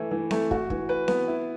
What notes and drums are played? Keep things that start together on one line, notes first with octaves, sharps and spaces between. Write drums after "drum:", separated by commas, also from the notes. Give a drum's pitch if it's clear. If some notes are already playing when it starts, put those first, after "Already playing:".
Already playing: E3 A3 E4
E3
A3, drum: snare C4
F#4, drum: kick
E3, drum: kick
B4
B3, drum: snare C4
E4